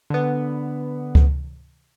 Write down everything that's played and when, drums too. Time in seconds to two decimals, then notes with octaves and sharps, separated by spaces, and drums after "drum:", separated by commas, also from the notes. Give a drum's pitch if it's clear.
0.10 D3 B3
1.15 drum: kick C#2